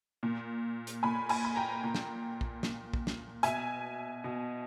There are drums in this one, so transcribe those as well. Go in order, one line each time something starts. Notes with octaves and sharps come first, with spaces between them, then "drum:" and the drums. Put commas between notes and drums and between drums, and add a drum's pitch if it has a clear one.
A#2
drum: hi-hat
A#2 G#5 B5
G#5 B5, drum: cymbal
B5
G5 A#5
A#2
drum: snare
drum: kick
A#2, drum: snare
drum: kick
drum: snare
B2 E5 G#5, drum: hi-hat
B2